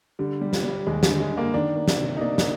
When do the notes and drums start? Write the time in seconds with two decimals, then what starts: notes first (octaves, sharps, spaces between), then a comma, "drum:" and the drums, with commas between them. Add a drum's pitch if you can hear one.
0.19 D3 G3
0.41 G3
0.53 drum: snare
0.64 G3
0.87 D#2 G#3
1.03 G3, drum: snare
1.09 D3
1.20 G#3
1.31 D3
1.37 A#3
1.54 D#3 D4
1.76 A#3
1.88 drum: snare
1.99 C3
2.17 D#4
2.21 A#3 D4
2.38 drum: snare